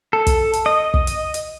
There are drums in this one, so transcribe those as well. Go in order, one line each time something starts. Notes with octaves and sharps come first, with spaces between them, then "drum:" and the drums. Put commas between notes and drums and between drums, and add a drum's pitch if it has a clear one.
A4
drum: kick, hi-hat
drum: hi-hat
D#5
drum: kick
drum: hi-hat
drum: hi-hat